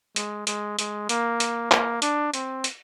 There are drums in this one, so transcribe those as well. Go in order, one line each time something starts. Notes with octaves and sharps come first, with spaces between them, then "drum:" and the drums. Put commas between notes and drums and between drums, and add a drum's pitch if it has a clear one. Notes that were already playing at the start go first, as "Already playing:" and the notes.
G#3, drum: hi-hat
G#3, drum: hi-hat
G#3, drum: hi-hat
A#3, drum: hi-hat
drum: hi-hat
A#3, drum: clap
D4, drum: hi-hat
C4, drum: hi-hat
drum: hi-hat